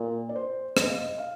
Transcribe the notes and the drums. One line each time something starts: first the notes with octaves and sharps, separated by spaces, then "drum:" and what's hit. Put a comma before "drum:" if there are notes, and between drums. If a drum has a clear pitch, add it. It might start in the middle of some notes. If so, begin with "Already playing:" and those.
Already playing: A#2
D5
C5
D#5, drum: rim click
F5
D#5
F5